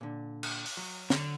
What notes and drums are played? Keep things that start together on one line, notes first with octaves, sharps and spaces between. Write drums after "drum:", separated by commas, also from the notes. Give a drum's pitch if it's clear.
A#2 D3
drum: cymbal
drum: open hi-hat
F#3
D3, drum: snare